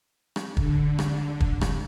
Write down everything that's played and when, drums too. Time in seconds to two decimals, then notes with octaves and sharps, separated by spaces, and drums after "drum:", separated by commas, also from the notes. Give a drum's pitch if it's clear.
0.36 drum: rim click
0.57 D3, drum: kick
0.99 drum: rim click
1.40 drum: kick
1.61 drum: rim click